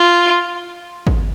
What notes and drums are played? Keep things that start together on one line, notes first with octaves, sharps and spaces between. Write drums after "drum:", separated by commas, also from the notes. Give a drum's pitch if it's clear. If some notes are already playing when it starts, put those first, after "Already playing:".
Already playing: F4
drum: kick G#1